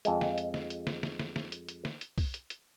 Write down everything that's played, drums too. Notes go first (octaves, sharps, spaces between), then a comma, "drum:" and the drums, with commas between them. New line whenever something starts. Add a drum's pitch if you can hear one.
F2 G#3, drum: hi-hat
drum: snare
drum: hi-hat
drum: snare
drum: hi-hat
drum: snare
drum: snare
drum: snare
drum: snare
drum: hi-hat
drum: hi-hat
drum: snare
drum: hi-hat
drum: kick, open hi-hat
drum: hi-hat
drum: hi-hat